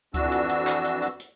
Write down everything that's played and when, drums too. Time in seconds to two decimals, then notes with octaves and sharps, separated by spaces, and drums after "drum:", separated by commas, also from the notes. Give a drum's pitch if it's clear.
0.14 F2 E3 D4 F#4 E6, drum: kick C#2, hi-hat
0.32 drum: hi-hat
0.49 drum: hi-hat
0.67 drum: clap
0.85 drum: hi-hat
1.02 drum: hi-hat
1.20 drum: hi-hat